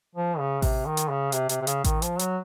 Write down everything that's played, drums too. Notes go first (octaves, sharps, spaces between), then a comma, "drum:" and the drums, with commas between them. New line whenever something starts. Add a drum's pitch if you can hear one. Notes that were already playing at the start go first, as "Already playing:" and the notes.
F3
C#3
C3, drum: kick A1, open hi-hat
D#3
drum: hi-hat
C#3
C3, drum: hi-hat
C3, drum: hi-hat
C3
C#3, drum: hi-hat
D#3, drum: kick A1, hi-hat
F3, drum: hi-hat
F#3, drum: hi-hat